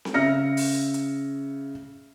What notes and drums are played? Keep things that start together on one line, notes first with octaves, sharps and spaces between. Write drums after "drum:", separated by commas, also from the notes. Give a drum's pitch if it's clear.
drum: snare C4
C#3 E5 F6 A#6 C#7
drum: open hi-hat
drum: hi-hat